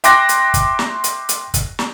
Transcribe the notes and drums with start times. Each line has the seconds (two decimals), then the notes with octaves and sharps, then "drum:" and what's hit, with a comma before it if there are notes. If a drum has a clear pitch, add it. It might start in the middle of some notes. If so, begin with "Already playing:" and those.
0.04 E5 G5 C6 D6 F#6 A#6, drum: hi-hat
0.29 drum: hi-hat
0.54 drum: kick, hi-hat
0.79 drum: snare
1.04 drum: hi-hat
1.29 drum: hi-hat
1.54 drum: kick, hi-hat
1.79 drum: snare